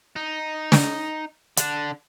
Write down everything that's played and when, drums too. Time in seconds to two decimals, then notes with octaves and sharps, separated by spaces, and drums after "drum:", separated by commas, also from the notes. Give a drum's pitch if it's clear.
0.16 D#4
0.72 drum: snare
1.57 D3 D4, drum: hi-hat